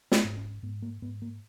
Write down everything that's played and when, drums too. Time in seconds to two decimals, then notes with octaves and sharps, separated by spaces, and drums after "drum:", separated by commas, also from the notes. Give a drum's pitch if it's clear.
0.12 B3, drum: snare
0.24 G#2
0.37 C#4
0.63 G#2 B3
0.82 A#3
1.02 G#2 B3
1.22 A#3